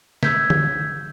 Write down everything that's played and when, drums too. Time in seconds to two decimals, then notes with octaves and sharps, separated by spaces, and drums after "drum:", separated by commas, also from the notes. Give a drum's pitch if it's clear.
0.23 E6 G6 G#6 B6, drum: snare
0.50 drum: tom D3